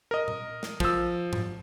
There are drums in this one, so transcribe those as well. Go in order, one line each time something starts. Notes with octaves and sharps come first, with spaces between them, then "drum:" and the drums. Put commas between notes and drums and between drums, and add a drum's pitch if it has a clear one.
A#4 D#5
drum: tom A#2
drum: snare
F3 E6, drum: kick
drum: tom G#2